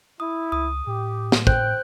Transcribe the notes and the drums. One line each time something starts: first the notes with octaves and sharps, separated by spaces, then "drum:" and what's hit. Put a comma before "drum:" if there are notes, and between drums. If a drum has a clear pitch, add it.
E4 D#6
C#2 D#6
A2 G4
drum: snare
C5 G5 F#6 G6, drum: kick